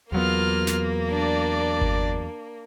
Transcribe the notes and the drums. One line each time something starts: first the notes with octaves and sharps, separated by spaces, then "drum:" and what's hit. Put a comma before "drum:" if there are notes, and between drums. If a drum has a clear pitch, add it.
E2 F#3 A#3 B3 F4 F6
drum: snare
D4 D5
drum: kick G1